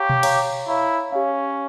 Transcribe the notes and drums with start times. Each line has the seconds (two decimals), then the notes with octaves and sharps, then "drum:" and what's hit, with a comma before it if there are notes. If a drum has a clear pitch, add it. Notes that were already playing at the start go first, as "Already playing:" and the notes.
Already playing: G4 C#5 F5 A#5 C#6
0.09 drum: tom B2
0.23 C#5 F5 A#5 C#6, drum: cymbal
0.68 E4 C#5 F5 A#5 C#6
1.12 C#4 G4 C#5 F5